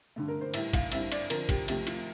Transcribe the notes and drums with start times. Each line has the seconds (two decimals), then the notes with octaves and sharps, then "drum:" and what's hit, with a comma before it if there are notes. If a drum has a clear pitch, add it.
0.16 G2 D3 A3
0.28 A#4
0.41 C5
0.54 A2 E3 G3 E5, drum: cymbal
0.73 F5, drum: kick, cymbal
0.92 G2 E3 G3 C4 E5, drum: cymbal
1.12 D5, drum: cymbal
1.30 D3 F3 C4 A#4, drum: cymbal
1.49 G4, drum: kick, cymbal
1.68 C3 F3 A3 G4, drum: cymbal
1.87 F4, drum: cymbal